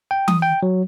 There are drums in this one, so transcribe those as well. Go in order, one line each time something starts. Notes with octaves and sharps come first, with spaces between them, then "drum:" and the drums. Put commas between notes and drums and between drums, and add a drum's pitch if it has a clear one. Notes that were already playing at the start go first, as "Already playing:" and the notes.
G5
D#6, drum: tom E3
G5
F#3